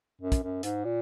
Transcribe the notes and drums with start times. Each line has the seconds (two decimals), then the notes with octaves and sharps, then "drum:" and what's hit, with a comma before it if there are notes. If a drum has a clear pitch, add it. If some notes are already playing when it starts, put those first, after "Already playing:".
0.21 F#2
0.32 drum: kick, hi-hat
0.43 F#2
0.63 G#2, drum: hi-hat
0.85 A#2